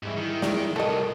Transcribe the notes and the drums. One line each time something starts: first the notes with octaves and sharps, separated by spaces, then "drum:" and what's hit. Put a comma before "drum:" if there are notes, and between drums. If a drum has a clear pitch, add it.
G#2 E3 G3 G#4 E5
D#3 E4
F3 G#3 D5, drum: snare
C2 A2 A4 A#4 D#5